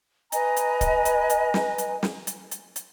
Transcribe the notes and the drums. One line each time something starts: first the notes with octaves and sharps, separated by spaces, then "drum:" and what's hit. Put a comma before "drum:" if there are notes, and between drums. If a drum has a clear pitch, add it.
B4 D#5 G#5 A#5, drum: hi-hat
drum: hi-hat
drum: kick D1, hi-hat
drum: hi-hat
drum: hi-hat
drum: snare
drum: hi-hat
drum: snare
drum: hi-hat
drum: hi-hat
drum: hi-hat